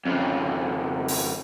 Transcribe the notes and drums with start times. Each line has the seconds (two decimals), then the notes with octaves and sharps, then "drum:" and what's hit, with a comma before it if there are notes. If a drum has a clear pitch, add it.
0.05 F2 C#3
1.08 drum: open hi-hat